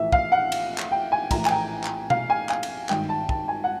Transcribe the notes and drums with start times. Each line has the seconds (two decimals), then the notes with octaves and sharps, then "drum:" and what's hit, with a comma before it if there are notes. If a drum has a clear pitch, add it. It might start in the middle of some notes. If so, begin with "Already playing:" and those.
Already playing: A#1 A2 E3 E5
0.12 F5, drum: kick
0.32 F#5
0.52 drum: cymbal
0.78 drum: clap
0.91 G5
1.12 G#5
1.31 A#1 A2 E3 A#5, drum: kick, cymbal
1.45 G#5, drum: clap
1.51 G5
1.84 drum: clap
2.10 F5, drum: tom B2
2.30 G#5
2.49 G#5, drum: clap
2.63 drum: cymbal
2.89 G#1 G2 D#3 G5, drum: clap
3.09 A5
3.29 A5, drum: kick
3.48 G#5
3.64 F#5